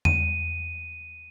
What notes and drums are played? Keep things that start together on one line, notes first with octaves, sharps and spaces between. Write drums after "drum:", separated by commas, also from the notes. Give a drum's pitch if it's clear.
D#7, drum: tom E2